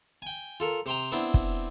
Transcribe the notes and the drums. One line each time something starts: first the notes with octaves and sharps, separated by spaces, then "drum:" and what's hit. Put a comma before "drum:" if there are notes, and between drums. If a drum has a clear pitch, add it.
G5 G#5
F4 A4 A#4
C3 C5 G5 A#5
B3 C4 D4 E4 C5 D5
drum: kick